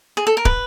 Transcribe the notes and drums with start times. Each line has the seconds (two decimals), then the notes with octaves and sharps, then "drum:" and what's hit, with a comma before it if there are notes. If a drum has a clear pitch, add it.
0.17 G#4
0.27 A4
0.37 A#4
0.45 B4, drum: kick